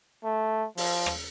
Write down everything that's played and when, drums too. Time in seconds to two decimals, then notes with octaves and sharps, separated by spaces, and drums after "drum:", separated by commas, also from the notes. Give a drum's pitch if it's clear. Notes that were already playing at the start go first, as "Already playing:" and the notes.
0.24 A3
0.77 F3, drum: open hi-hat
1.06 drum: rim click